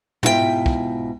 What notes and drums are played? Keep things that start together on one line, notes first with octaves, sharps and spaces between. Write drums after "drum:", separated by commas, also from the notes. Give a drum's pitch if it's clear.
G#2 B2 E4 F4 A4 G5, drum: tom
drum: kick